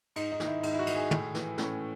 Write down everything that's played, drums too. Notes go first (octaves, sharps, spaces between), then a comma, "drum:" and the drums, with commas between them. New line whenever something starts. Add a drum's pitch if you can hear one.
G#2 D#4, drum: cymbal
D#4
D#3, drum: snare
E4
G#2 D#4, drum: cymbal
E4
F#4
D#3, drum: cymbal
G#4
A2, drum: tom
E3, drum: snare
A2 C#4, drum: snare